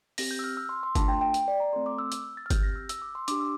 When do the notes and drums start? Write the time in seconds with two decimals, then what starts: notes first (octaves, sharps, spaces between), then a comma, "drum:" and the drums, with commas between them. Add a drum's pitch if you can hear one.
0.18 C4 G4 A#6, drum: open hi-hat
0.31 G6
0.39 E6
0.44 F6
0.57 E6
0.69 C6
0.83 C6
0.95 A3 D4 F4 A4 A5, drum: kick G1, hi-hat
1.08 G5
1.21 G5
1.34 drum: hi-hat
1.48 D5
1.60 A#5
1.73 A3 C4 F4 A4 C6
1.86 D6
1.99 E6
2.12 E6, drum: hi-hat
2.37 A6
2.46 F6
2.50 C4 G4 G6, drum: kick G1, hi-hat
2.63 A#6
2.76 E6
2.89 E6, drum: hi-hat
3.02 D6
3.15 C6
3.28 D4 G4 D6, drum: hi-hat
3.40 E6